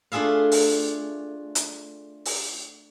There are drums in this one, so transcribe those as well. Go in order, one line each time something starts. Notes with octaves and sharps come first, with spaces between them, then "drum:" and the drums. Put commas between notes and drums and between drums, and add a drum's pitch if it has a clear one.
A3 D4 F4 G#4 E5 F5
drum: open hi-hat
drum: hi-hat
drum: open hi-hat